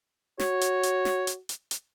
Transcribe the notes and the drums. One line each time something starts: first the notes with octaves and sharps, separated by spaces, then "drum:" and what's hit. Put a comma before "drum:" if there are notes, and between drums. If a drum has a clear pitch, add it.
F#4 C#5, drum: snare
drum: hi-hat
drum: hi-hat
drum: snare
drum: hi-hat
drum: hi-hat
drum: hi-hat